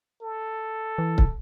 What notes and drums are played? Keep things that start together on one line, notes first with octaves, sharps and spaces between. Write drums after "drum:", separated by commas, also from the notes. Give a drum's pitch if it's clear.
A4
E3
drum: kick C#1